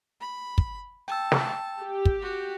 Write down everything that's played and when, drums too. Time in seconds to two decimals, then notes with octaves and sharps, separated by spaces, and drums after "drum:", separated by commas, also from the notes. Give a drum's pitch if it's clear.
0.21 B5
0.58 drum: kick
1.08 G5 A5 E6
1.32 drum: snare
1.80 G4
2.05 drum: kick
2.21 F#4